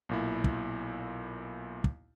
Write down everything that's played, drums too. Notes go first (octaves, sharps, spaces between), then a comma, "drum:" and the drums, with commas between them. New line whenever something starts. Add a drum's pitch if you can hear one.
B1 A#2 E4
drum: kick
drum: kick